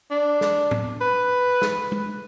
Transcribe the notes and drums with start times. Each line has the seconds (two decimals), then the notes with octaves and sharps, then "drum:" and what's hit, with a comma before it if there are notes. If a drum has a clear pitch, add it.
0.11 D4
0.41 drum: snare
0.71 drum: tom A2
1.01 B4
1.62 drum: snare
1.92 drum: tom